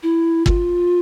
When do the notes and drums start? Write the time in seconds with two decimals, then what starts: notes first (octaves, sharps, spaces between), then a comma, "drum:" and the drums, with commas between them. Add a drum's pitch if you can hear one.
0.03 E4
0.46 F4, drum: kick